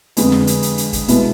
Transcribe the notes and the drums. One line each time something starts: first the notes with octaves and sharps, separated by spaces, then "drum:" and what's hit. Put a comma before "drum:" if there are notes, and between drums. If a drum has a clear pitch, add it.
F2 D3 G#3 B3, drum: hi-hat
drum: snare
drum: hi-hat
drum: hi-hat
drum: hi-hat
drum: kick, hi-hat
B2 G#3 B3 E4, drum: hi-hat